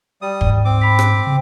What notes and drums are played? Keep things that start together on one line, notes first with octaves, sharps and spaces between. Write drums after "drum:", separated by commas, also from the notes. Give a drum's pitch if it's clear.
G3 D#6
G#2 D5, drum: kick
C4 D6
B5 B6
drum: rim click
C#3